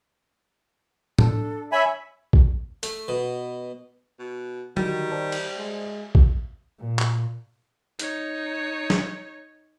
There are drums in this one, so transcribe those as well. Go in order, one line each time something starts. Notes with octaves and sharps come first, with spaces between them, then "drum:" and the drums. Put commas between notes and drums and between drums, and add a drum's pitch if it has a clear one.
D4 A4, drum: tom A2
C#5 E5 G#5 B5
drum: kick A#1
A3, drum: hi-hat
B2
B2
D3 D#3 G3 F#4 A6, drum: tom
C5 D5 A5
drum: cymbal
G#3
drum: kick A#1
A#2
drum: clap
D#4 C#5, drum: hi-hat
drum: snare